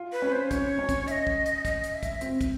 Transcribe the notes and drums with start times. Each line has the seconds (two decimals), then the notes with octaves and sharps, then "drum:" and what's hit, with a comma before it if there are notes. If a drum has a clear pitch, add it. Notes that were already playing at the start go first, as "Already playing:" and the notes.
Already playing: F4
0.12 B4
0.22 C#4
0.32 C5
0.51 C#4 C#5, drum: kick, hi-hat
0.79 C#4
0.89 drum: kick, hi-hat
1.08 E5, drum: hi-hat
1.11 D#5
1.27 drum: kick
1.46 drum: hi-hat
1.65 D#5, drum: kick, hi-hat
1.84 drum: hi-hat
1.93 E5
2.03 drum: kick, hi-hat
2.21 C4, drum: hi-hat
2.41 drum: kick, hi-hat